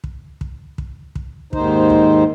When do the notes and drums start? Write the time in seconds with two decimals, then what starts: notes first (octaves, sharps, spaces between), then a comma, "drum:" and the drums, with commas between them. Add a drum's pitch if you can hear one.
0.04 drum: kick
0.41 drum: kick
0.78 drum: kick
1.15 drum: kick
1.53 D#2 G#2 D#3 D#4 C5, drum: kick
1.90 drum: kick